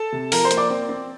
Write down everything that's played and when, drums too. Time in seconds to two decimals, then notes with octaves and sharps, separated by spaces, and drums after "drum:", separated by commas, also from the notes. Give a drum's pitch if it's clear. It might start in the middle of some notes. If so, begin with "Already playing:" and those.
Already playing: A4 A5
0.12 C3
0.32 F3 A#4 A#5, drum: open hi-hat
0.44 C5 C6
0.51 A#3, drum: hi-hat
0.57 D5 D6
0.70 C4
0.89 C4